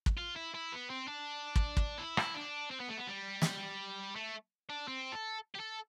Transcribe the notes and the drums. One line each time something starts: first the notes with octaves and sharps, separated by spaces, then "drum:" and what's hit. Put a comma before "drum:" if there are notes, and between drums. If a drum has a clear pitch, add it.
drum: kick
F4
E4
E4
B3
C4
D4
drum: kick
drum: kick
E4
drum: rim click
D4
C4
B3
A3
B3
G3
drum: snare
A3
D4
C4
A4
G4
A4